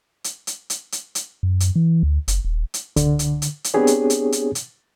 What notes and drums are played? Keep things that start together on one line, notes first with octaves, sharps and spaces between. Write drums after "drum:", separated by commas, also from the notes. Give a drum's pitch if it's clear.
drum: hi-hat
drum: hi-hat
drum: hi-hat
drum: hi-hat
drum: hi-hat
F#2
drum: hi-hat
E3
D2
F#1, drum: hi-hat
D#1
drum: hi-hat
D3, drum: kick C#2, hi-hat
drum: hi-hat
drum: hi-hat
drum: hi-hat
B3 C4 D4 G4 G#4 C#5
drum: hi-hat
drum: hi-hat
drum: hi-hat
drum: hi-hat